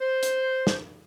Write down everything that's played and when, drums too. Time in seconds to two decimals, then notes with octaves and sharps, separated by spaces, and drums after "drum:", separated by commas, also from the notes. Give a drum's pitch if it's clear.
0.01 C5
0.23 drum: hi-hat
0.67 drum: snare